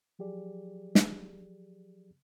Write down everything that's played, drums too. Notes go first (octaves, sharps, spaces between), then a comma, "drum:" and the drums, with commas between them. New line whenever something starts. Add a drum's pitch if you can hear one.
F3 F#3 G4 G#4 D5
drum: snare